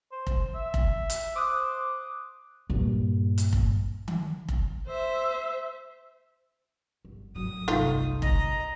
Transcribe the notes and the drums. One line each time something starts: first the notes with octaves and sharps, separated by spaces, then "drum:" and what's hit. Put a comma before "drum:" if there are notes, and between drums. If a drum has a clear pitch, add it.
C5
drum: kick F1
E5
drum: kick F1
drum: hi-hat
C5 D6 D#6 F#6
G2 A#2
drum: hi-hat
drum: kick F1
drum: tom D#3
drum: kick F1
C5 E5
G1
A1 F#3 D#6
G1 C2 A3 D#4 F4
D#5 A#5, drum: kick F1